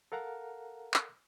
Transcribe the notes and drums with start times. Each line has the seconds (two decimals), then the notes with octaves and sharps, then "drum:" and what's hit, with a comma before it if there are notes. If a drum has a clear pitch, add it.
0.12 A4 A#4 F5 F#5 A#5
0.94 drum: clap